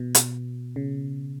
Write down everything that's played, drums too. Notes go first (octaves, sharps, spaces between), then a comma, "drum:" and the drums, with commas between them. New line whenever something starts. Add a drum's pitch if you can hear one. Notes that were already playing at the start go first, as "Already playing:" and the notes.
Already playing: B2
drum: hi-hat
C#3